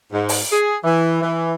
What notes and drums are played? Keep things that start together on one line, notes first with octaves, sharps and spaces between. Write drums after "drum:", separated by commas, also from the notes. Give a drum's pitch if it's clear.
G#2
drum: open hi-hat
G#4
E3
E3